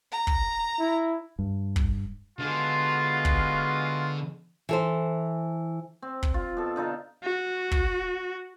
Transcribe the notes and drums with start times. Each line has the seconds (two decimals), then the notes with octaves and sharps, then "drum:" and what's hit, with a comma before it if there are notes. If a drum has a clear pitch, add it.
0.12 A#5
0.27 drum: kick
0.79 E4
1.39 G2
1.76 drum: kick
2.39 D3 G#3 B3 F4 F#4
3.25 drum: kick
4.69 E3 A4 C5
6.02 C4
6.23 drum: kick
6.34 F4
6.57 B2 A4
6.76 D3 D#4 F4 A4
7.23 F#4
7.71 drum: kick